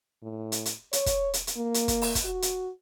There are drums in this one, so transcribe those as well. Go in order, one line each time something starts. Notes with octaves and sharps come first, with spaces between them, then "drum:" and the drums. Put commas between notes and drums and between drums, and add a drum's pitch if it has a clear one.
A2
drum: hi-hat
drum: hi-hat
C#5, drum: hi-hat
drum: kick, hi-hat
drum: hi-hat
drum: hi-hat
A#3
drum: hi-hat
drum: kick, hi-hat
drum: open hi-hat
drum: kick, hi-hat
F#4
drum: hi-hat